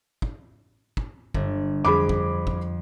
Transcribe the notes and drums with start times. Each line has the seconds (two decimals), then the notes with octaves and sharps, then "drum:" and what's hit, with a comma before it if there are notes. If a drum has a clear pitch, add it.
0.22 drum: kick
0.97 drum: kick
1.35 G1, drum: kick
1.85 F2 G#4 B5 D6
2.09 drum: kick
2.47 drum: kick